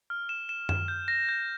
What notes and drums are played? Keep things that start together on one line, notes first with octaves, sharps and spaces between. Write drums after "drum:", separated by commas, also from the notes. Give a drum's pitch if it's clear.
F6
E7
E7
E7, drum: tom F#2
G6
A#6
G6